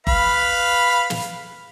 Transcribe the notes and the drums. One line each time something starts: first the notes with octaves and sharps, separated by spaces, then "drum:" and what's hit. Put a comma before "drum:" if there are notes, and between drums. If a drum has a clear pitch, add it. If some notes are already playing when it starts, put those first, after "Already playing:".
B4 F5 B5, drum: kick F#1
drum: snare